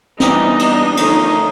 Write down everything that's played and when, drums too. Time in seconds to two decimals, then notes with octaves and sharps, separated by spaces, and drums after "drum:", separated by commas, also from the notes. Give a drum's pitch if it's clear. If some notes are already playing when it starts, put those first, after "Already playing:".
0.20 E3 G3 B3 D4 D#4, drum: snare
0.59 G3 B3 D4, drum: cymbal
0.97 D3 F3 A3 C#4 D#4, drum: cymbal